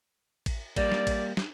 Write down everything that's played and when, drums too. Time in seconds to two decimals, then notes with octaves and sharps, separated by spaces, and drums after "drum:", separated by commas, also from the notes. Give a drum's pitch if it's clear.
0.46 drum: kick A1, cymbal
0.76 G3 A#3 D5, drum: kick A1, cymbal
0.92 drum: snare
1.07 drum: kick A1, cymbal
1.37 drum: snare